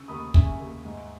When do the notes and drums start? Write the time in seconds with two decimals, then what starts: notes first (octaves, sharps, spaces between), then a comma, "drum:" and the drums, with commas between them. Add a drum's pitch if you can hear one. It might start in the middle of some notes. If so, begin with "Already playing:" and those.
Already playing: C#3 C#6 E6
0.08 D#2 B5 D#6
0.34 C#3 E5 G#5, drum: kick
0.59 D#2
0.85 G#2